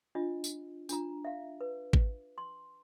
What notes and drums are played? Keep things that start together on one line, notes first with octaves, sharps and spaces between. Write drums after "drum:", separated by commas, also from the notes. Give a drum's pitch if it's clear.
D4 F4 D#5
drum: tambourine
D4 F4 A#5, drum: tambourine
E5 F5
B4
drum: kick G#1
C6